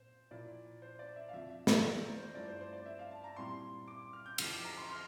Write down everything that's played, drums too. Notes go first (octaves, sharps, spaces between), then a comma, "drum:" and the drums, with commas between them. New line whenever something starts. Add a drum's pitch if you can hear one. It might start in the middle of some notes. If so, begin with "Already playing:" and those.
Already playing: A#2 C5
A#2 F3 A#3 E4 D5
C5
D5
E5
F5
F2 D3 F3 E5
E5
D5, drum: snare
A#4
C5
C5
G2 F3 A3 E4 D5
C5
C5
D5
E5
F5
A5
A#5
A#2 G3 C4 E4 C6
D6
F6
G6
F2 D3 F3 C4 E4 F6, drum: cymbal
D6
A#5
C6
F6